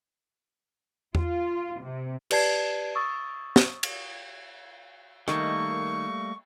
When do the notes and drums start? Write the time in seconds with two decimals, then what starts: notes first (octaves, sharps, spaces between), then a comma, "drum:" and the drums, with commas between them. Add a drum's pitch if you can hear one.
1.15 F4, drum: tom E2
1.81 C3
2.30 G4 B4 D5 A5 G#6 C7, drum: cymbal
2.95 C#6 D#6 E6 A6
3.56 drum: snare
3.83 drum: cymbal
5.28 D#3 G3 A3 A#3 C#6, drum: rim click